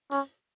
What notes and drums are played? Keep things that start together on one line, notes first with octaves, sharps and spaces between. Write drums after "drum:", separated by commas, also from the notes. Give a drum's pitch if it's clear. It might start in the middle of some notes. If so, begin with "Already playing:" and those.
C#4, drum: hi-hat